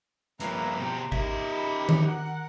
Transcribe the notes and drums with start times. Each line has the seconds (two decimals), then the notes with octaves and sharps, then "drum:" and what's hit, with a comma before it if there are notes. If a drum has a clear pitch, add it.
0.40 G2 F3 A#3 B4 E5 A#5, drum: hi-hat
0.80 B2 G4 C5
1.12 D#4 G4 A#4 D#5 E5, drum: kick G#1
1.52 B5
1.89 drum: tom D#3
2.06 A#4 F#5